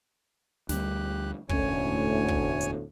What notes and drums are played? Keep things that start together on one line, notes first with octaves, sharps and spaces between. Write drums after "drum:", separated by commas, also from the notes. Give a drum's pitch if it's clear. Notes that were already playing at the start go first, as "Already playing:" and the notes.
D2 G3 G4 F#6, drum: snare
E1 D2 A2 C#4 C#5 G#5, drum: kick
drum: kick
drum: hi-hat